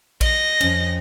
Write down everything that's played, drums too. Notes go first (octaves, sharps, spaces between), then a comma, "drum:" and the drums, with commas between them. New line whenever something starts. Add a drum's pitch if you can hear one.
D#5 A#6, drum: kick A#1, cymbal
F2 C#4, drum: cymbal